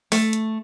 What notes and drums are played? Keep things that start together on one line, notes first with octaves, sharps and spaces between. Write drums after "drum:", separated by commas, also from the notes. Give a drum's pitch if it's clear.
A3, drum: open hi-hat
drum: hi-hat